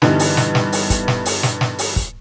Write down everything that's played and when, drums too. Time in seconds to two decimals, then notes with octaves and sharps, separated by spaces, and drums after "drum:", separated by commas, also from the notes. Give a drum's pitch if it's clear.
0.02 G2 D3 E3 G3 B3 D#4, drum: snare
0.19 drum: open hi-hat
0.37 drum: snare
0.55 drum: snare
0.72 drum: open hi-hat
0.90 drum: kick, hi-hat
1.08 drum: snare
1.25 drum: open hi-hat
1.43 drum: snare
1.61 drum: snare
1.79 drum: open hi-hat
1.96 drum: kick